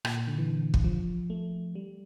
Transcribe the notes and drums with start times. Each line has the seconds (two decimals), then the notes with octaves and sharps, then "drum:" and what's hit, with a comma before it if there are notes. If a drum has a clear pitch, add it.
0.05 A#2, drum: rim click
0.27 D3
0.38 E3
0.74 drum: kick
0.84 F3
1.30 A3
1.75 G3